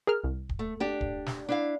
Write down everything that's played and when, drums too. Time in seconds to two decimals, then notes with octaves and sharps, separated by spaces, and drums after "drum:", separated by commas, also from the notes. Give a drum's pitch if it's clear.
0.07 G#4 A#4 F6
0.24 C2
0.49 drum: kick
0.59 A3
0.80 D4 G4
1.01 drum: kick
1.26 drum: snare
1.49 D4 E4 F5